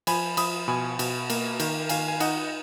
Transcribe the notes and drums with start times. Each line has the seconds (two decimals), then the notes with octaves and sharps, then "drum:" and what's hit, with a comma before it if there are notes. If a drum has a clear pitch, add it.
0.07 F3 G#5 B5, drum: cymbal
0.37 F3 B5 D#6, drum: cymbal
0.68 B2 G#5 B5
0.99 B2, drum: cymbal
1.30 A#3, drum: cymbal
1.60 D#3, drum: cymbal
1.89 D#3 F5 G#5, drum: cymbal
2.08 G#5
2.20 D#4 D#5 F#5, drum: cymbal